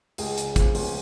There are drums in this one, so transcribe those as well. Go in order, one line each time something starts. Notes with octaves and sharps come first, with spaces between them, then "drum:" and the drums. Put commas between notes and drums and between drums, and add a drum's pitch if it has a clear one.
C#2 G#4, drum: open hi-hat
C#3, drum: hi-hat
F3, drum: kick, hi-hat
C#2, drum: open hi-hat